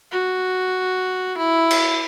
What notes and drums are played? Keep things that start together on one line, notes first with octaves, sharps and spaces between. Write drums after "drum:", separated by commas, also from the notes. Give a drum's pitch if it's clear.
F#4
E4
drum: cymbal